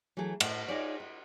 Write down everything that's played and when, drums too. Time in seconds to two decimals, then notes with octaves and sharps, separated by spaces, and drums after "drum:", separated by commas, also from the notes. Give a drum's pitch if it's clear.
0.17 E3 F#3 A3 G#4 A4
0.40 A2, drum: cymbal
0.68 D#4 F4 G#4 C#5 D5
1.00 E4